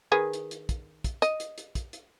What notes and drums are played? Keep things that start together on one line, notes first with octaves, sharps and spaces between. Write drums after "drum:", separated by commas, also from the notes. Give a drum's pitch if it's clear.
D#3 G#4 B4
drum: hi-hat
drum: hi-hat
drum: kick, hi-hat
drum: kick, hi-hat
D#5, drum: hi-hat
drum: hi-hat
drum: hi-hat
drum: kick, hi-hat
drum: hi-hat